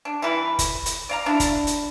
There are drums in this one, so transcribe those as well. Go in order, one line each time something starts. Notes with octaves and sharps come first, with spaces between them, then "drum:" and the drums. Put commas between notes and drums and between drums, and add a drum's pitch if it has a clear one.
D4
E3 G3 E4 B4
drum: kick, hi-hat
drum: hi-hat
D5 F5 A#5
D4 E4
drum: kick, hi-hat
drum: hi-hat